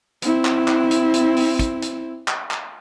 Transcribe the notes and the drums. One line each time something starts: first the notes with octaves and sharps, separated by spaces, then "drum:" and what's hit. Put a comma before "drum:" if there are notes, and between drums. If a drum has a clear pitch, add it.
C4 E4, drum: hi-hat
drum: clap
drum: clap
drum: hi-hat
drum: hi-hat
drum: open hi-hat
drum: kick, hi-hat
drum: hi-hat
drum: clap
drum: clap